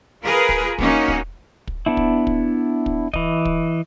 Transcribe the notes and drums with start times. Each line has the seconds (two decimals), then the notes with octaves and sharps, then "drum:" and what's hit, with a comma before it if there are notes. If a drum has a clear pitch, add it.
0.23 F4 G#4 A#4 B4
0.49 drum: kick
0.79 A#3 C#4 D#4 F#4, drum: kick
1.08 drum: kick
1.67 drum: kick
1.86 B3 D4 E4
1.97 drum: kick
2.27 drum: kick
2.86 drum: kick
3.14 E3 D#5, drum: kick
3.45 drum: kick